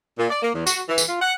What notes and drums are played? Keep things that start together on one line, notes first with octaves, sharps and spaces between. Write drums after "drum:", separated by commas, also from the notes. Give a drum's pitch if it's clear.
A#2
D5
A#3
E2
F#4, drum: tambourine
E3
drum: tambourine
F4
F#5